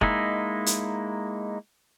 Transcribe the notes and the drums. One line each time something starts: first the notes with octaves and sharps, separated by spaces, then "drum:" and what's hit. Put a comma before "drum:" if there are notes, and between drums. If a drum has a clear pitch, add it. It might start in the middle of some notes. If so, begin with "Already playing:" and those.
G#3 A#3 D#4 E4, drum: kick
drum: hi-hat